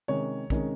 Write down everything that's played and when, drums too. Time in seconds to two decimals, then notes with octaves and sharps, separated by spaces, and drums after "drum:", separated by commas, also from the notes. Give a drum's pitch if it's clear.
0.08 C3 D#3 G#3 C#4 C#5
0.50 C3 D#3 G#3 C#4, drum: kick